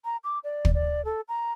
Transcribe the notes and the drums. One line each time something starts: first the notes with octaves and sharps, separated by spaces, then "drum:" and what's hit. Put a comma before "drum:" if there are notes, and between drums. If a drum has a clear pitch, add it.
A#5
D6
D5
drum: kick
D5
A4
A#5